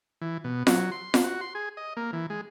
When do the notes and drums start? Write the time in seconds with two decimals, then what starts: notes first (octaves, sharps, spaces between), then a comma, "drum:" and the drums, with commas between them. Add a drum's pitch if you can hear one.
0.21 E3
0.44 B2
0.67 F#3, drum: snare F4
0.92 C6
1.14 drum: snare F4
1.24 F#4
1.41 C6
1.55 G#4
1.77 D#5
1.97 A#3
2.13 E3
2.30 G#3